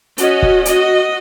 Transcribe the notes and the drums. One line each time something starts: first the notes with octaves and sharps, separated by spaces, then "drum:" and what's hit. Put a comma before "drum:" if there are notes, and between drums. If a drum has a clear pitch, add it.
C#4 F#4 D#5, drum: hi-hat
drum: kick
F#4 D#5, drum: hi-hat